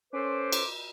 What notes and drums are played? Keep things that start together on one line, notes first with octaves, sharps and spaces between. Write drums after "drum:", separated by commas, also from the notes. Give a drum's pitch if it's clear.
C#4 A4 B4 C5 D6
drum: cymbal